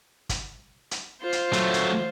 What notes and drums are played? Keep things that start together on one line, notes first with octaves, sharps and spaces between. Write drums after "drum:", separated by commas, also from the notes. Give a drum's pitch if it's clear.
drum: kick, hi-hat
drum: hi-hat
F4 C5
drum: hi-hat
F#3 A3, drum: hi-hat
drum: hi-hat